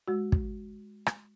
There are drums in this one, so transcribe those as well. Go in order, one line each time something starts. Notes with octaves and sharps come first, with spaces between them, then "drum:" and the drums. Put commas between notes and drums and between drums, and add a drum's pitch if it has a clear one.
G#3 F#4
drum: kick
drum: rim click